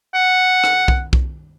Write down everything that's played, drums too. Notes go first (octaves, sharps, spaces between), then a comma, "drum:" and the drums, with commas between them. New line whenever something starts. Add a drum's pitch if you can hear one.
F#5
drum: rim click
drum: kick B1
drum: kick B1